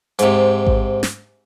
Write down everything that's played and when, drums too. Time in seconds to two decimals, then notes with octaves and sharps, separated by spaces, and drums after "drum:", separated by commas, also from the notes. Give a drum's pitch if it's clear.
0.19 G#2 C3, drum: hi-hat
0.67 drum: kick A1
1.03 drum: snare